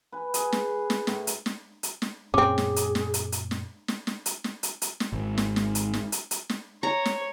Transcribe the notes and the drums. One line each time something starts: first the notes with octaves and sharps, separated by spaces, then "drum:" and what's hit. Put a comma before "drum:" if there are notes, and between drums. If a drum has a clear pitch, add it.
B4 G#5
G#4, drum: hi-hat
drum: snare
drum: snare
A2, drum: snare
drum: hi-hat
drum: snare
drum: hi-hat
drum: snare
F#2 A#2 C4 C#4 G#4 D6
drum: snare
drum: hi-hat
drum: snare
drum: hi-hat
drum: hi-hat
drum: snare
drum: snare
drum: snare
drum: hi-hat
drum: snare
drum: hi-hat
drum: hi-hat
drum: snare
G#1
drum: snare
drum: snare
drum: hi-hat
drum: snare
drum: hi-hat
drum: hi-hat
drum: snare
C#5 A#5
drum: snare